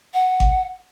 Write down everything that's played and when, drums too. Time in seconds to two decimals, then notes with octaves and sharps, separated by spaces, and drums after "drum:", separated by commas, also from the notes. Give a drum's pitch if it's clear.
0.14 F#5
0.40 drum: kick G#1